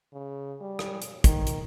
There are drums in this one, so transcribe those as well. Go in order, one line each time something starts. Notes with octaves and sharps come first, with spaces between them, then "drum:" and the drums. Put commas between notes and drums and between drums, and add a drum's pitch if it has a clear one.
C#3
G3
drum: rim click
drum: hi-hat
D#3, drum: kick, hi-hat
drum: hi-hat